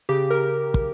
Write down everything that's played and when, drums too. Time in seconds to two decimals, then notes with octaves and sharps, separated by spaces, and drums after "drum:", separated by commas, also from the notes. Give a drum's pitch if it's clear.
0.09 C#3 G4
0.30 A#4
0.74 drum: kick